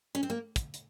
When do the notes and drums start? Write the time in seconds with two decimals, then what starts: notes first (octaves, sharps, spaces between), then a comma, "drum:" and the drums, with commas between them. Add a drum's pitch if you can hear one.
0.15 C#4
0.23 C4
0.30 A#3
0.56 drum: kick, hi-hat
0.74 drum: hi-hat